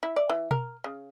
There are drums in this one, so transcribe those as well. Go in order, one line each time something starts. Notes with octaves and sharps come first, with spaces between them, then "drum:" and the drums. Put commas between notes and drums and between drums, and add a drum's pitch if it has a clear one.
E4
D5
E3
A#4, drum: tom B2
C#3